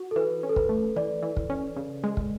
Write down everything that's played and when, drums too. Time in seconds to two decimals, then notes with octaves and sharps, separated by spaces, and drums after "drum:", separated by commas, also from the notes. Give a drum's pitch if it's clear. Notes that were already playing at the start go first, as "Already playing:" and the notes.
Already playing: F#4
0.11 A4
0.16 E3 B4
0.43 C#4
0.49 A4
0.56 B4, drum: kick
0.69 A3
0.96 E3 D5
1.23 E3
1.37 drum: kick
1.50 C#4
1.76 C#3
2.04 G#3
2.17 drum: kick